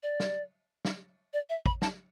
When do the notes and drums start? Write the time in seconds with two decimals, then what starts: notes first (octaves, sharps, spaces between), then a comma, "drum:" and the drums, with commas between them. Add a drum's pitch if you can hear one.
0.03 D5
0.20 drum: snare
0.85 drum: snare
1.33 D5
1.49 E5
1.66 B5, drum: kick
1.82 A5, drum: snare